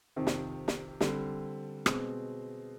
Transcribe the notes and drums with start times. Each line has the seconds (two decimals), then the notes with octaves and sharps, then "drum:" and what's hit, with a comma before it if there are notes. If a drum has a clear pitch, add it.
0.16 F2 C3 D#3
0.27 drum: snare
0.68 drum: snare
1.01 D3 G3 C4, drum: snare
1.86 B2 G#3 C4, drum: rim click